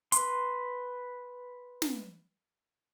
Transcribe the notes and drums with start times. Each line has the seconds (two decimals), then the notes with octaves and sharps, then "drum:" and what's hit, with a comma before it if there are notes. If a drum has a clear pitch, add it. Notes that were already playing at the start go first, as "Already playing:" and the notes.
0.12 B4 C6, drum: hi-hat
1.82 drum: snare